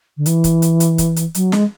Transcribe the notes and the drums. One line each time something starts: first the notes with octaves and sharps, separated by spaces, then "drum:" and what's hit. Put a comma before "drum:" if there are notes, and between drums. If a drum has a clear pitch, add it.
D3
E3, drum: hi-hat
drum: kick, hi-hat
drum: hi-hat
drum: hi-hat
drum: kick, hi-hat
drum: hi-hat
F#3, drum: hi-hat
G#3, drum: snare